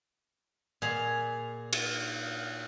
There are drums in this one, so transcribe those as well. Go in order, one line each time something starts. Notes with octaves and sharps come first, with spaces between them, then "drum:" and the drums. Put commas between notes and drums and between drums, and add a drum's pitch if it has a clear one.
A#2 G#4 F5
drum: cymbal